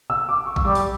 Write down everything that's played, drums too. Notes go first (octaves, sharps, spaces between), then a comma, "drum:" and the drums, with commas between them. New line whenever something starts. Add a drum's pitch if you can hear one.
E6
D6
C#6
E6, drum: kick A#1
G3 D6
drum: open hi-hat